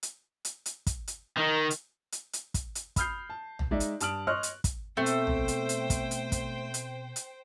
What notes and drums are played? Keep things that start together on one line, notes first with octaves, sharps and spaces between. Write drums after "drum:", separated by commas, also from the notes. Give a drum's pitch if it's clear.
drum: hi-hat
drum: hi-hat
drum: hi-hat
drum: kick, hi-hat
drum: hi-hat
D#3
drum: hi-hat
drum: hi-hat
drum: hi-hat
drum: kick, hi-hat
drum: hi-hat
B5 D#6 F6 G6 C7, drum: kick, hi-hat
A5
drum: tom
G#3 D#4 D5 E5
drum: hi-hat
G2 A5 D#6 F6 D7 F#7, drum: hi-hat
C#5 D#5 C6 C#6 F6 F#6
drum: hi-hat
drum: kick, hi-hat
B2 A3 C4 C5 G5
drum: hi-hat
drum: tom
drum: hi-hat
drum: hi-hat
drum: kick, hi-hat
drum: hi-hat
drum: kick, hi-hat
drum: hi-hat
drum: hi-hat